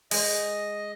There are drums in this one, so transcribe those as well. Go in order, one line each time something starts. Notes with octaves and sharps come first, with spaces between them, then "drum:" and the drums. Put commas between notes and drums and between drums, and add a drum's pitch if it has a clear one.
G#3 D#5, drum: open hi-hat